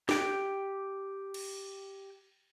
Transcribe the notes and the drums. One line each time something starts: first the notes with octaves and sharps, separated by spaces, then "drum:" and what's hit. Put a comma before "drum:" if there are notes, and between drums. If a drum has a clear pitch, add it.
G4 G5, drum: snare
drum: cymbal